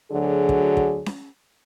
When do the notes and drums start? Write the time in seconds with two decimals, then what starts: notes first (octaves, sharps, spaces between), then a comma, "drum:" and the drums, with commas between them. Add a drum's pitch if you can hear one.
0.12 D2 D3 F#3 G#4
0.49 drum: kick
0.77 drum: kick
1.06 drum: snare C#4